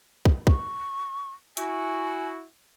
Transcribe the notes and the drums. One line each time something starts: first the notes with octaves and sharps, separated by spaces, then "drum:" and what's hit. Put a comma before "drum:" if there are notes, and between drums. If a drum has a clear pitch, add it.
drum: kick
C#6, drum: kick
E4 F#4 G#5, drum: hi-hat